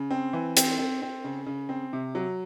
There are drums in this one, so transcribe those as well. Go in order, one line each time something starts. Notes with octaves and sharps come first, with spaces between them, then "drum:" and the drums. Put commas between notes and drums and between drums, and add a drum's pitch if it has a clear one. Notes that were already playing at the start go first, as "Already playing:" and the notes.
Already playing: C#3
C4
E3
C4, drum: hi-hat
C4
C4
C#3
C#3
C4
C3
F#3